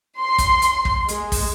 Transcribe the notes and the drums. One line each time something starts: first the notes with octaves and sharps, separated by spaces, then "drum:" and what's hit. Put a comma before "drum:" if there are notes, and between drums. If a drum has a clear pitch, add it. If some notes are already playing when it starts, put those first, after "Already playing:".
C6
drum: kick, hi-hat
drum: hi-hat
drum: kick
G#3, drum: hi-hat
drum: kick, open hi-hat